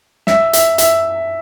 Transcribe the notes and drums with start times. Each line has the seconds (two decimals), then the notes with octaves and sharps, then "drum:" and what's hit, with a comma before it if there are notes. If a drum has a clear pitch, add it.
0.27 E5, drum: snare
0.53 E5, drum: hi-hat
0.78 E5, drum: hi-hat